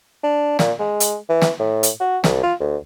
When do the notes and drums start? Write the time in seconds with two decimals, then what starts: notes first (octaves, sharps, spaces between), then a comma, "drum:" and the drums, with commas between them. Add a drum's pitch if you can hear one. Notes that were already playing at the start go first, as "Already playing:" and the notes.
0.24 D4
0.59 A#2, drum: snare
0.79 G#3
1.00 drum: hi-hat
1.29 E3
1.42 drum: snare
1.59 A2
1.83 drum: hi-hat
2.00 F#4
2.24 C2, drum: snare
2.43 F4
2.60 D2